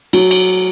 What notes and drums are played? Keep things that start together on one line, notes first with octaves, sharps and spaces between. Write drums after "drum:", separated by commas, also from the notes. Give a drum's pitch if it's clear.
F#3, drum: cymbal
drum: cymbal